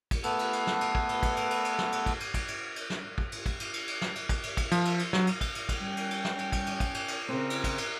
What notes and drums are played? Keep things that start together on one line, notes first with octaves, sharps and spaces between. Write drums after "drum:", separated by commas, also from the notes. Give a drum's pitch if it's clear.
drum: kick, cymbal
A3 B3 A4 B4, drum: cymbal
drum: cymbal
drum: cymbal
drum: snare
drum: cymbal
drum: kick
drum: cymbal
drum: kick, cymbal
drum: cymbal
drum: cymbal
drum: cymbal
drum: snare
drum: cymbal
drum: kick, cymbal
drum: cymbal
drum: kick, cymbal
drum: cymbal
drum: cymbal
drum: snare
drum: kick
drum: cymbal
drum: kick, cymbal
drum: cymbal
drum: cymbal
drum: cymbal
drum: snare
drum: cymbal
drum: kick, cymbal
drum: cymbal
drum: kick, cymbal
F3, drum: cymbal
drum: cymbal
drum: cymbal
F#3, drum: snare
drum: cymbal
drum: kick, cymbal
drum: cymbal
drum: kick, cymbal
G3 C#4 G5
drum: cymbal
drum: cymbal
drum: snare
drum: cymbal
drum: kick, cymbal
drum: cymbal
drum: kick, cymbal
drum: cymbal
drum: cymbal
C#3 C4 A#4 C6
drum: cymbal
drum: kick, cymbal
drum: cymbal